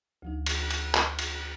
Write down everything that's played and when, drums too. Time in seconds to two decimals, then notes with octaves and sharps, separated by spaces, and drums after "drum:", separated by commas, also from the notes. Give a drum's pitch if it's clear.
0.22 D2 F3 D#4
0.46 drum: cymbal
0.71 drum: cymbal
0.95 drum: clap
1.19 drum: cymbal